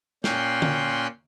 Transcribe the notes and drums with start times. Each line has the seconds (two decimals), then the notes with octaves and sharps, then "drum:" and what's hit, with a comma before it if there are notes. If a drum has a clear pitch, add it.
0.24 A#2 C#4 G5 C6 F#6, drum: snare
0.62 drum: tom D3